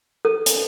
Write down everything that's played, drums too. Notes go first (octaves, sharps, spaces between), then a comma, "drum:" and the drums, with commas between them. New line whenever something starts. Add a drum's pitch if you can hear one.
A4
drum: hi-hat